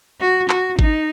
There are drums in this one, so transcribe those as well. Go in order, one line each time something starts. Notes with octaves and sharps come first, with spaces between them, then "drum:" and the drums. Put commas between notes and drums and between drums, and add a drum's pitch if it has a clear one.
F#4
F#4, drum: clap
D#4, drum: kick G#1